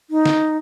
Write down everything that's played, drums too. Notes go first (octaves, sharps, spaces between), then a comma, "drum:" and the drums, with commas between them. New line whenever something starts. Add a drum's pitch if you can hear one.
D#4
drum: snare